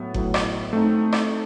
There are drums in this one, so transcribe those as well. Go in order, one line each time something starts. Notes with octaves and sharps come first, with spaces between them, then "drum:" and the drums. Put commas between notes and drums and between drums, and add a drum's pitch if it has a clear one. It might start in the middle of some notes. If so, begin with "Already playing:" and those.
Already playing: A2 F#3 B3
A2 F#3 B3, drum: kick F#1
drum: rim click
A3 C4 D#4
drum: rim click